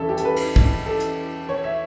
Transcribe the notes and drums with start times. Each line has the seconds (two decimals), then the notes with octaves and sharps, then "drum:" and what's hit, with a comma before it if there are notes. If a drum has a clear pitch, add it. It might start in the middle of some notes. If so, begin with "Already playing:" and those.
Already playing: E2 C#3 G3 C#4 E4 A4 E5
0.09 G4
0.17 A4, drum: hi-hat
0.25 B4
0.36 drum: cymbal
0.56 drum: kick
0.86 A4
1.00 drum: hi-hat
1.49 C#5
1.64 E5